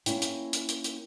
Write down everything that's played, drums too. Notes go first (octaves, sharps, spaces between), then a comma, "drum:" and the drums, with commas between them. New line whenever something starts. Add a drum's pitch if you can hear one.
A#3 C#4 E4 G5, drum: hi-hat
drum: hi-hat
drum: hi-hat
drum: hi-hat
drum: hi-hat